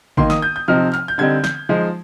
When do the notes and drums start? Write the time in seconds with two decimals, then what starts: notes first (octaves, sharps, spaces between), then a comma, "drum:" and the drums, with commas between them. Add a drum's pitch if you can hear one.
0.17 D#3 A#3 D#4 C6, drum: kick G#1
0.30 D#6, drum: snare
0.42 G6
0.56 G6
0.68 C3 F3 C4 D#4 F6
0.93 F6, drum: clap
1.08 G6
1.18 D3 G3 C4 D#4 G#6
1.44 G6, drum: snare
1.69 F3 G#3 D#4